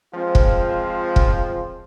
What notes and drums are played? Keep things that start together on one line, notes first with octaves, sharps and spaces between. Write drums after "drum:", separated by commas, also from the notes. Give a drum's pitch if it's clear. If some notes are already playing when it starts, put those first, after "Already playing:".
F3 G#3 C4 F4
drum: kick
drum: kick